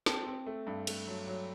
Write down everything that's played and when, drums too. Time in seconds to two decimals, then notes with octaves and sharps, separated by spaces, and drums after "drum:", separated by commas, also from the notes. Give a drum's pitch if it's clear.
0.06 C4 A5, drum: snare
0.27 C4
0.46 A3
0.67 G2
0.87 A3, drum: cymbal
1.07 F#3
1.27 F#3